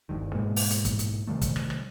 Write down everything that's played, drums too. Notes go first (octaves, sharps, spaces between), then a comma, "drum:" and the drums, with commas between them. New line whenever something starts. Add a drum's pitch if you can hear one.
F#1 G2 D#3
G#2 B2 G#3 A#3
drum: open hi-hat
drum: hi-hat
drum: kick, hi-hat
drum: hi-hat
C3 D#3 G3 A3
drum: kick, hi-hat
drum: rim click
drum: rim click